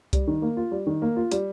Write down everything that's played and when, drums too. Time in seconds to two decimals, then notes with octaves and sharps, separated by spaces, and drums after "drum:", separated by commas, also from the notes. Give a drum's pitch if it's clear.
0.13 G3, drum: kick C2, hi-hat
0.27 D#3
0.42 A#3
0.57 F4
0.72 G3
0.87 D#3
1.02 A#3
1.16 F4
1.31 G3, drum: hi-hat